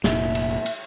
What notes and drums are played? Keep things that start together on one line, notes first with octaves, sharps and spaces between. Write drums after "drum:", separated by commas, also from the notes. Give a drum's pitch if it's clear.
F1 A#2 E5, drum: snare
drum: cymbal
drum: cymbal